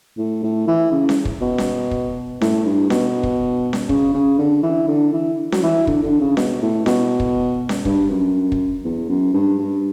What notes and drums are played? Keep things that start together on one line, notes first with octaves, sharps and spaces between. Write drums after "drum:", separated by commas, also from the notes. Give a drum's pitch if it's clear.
A2
A2
E3
C#3
drum: snare C#4
drum: kick
B2
drum: snare C#4
drum: kick
A2, drum: snare C#4
G2
B2, drum: snare C#4
drum: kick
drum: snare C#4
C#3, drum: kick
C#3
D3
E3
D3
E3
F#3, drum: snare C#4
E3
D3, drum: kick
D3
C#3
B2, drum: snare C#4
A2
B2, drum: snare C#4
drum: kick
drum: snare C#4
G2, drum: kick
F#2
drum: kick
E2
F#2
G2
G2